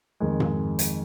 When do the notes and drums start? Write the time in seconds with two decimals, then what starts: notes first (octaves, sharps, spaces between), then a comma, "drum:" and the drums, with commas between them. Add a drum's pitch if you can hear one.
0.20 F2 D#3 G#3
0.40 drum: tom G#2
0.79 drum: hi-hat